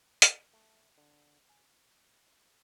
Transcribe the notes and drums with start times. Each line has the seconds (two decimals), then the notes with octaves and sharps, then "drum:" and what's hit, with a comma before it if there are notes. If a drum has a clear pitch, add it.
0.22 drum: hi-hat
0.53 A3
0.98 D3
1.49 G#5